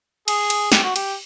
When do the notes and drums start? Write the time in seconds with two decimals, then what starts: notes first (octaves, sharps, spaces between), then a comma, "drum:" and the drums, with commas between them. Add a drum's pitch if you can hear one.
0.28 G#4, drum: cymbal
0.50 drum: cymbal
0.72 G4, drum: snare
0.83 F#4
0.96 G4, drum: cymbal